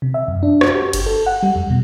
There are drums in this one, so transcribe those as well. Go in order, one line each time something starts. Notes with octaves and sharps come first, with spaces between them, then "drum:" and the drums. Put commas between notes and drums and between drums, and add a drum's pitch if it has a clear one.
C3
E5
F#2
D4
F#4, drum: rim click
G4
G1, drum: cymbal
A4
F#5
G3
F2
B2